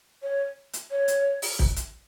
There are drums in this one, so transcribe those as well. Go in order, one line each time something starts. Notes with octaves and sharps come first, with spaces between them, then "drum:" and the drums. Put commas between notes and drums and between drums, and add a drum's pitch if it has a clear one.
C#5
drum: hi-hat
C#5
drum: hi-hat
drum: open hi-hat
drum: kick
drum: hi-hat